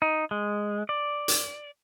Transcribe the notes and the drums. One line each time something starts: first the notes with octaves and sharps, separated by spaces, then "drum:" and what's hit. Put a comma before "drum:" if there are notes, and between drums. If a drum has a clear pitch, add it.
D#4
G#3
D5
drum: hi-hat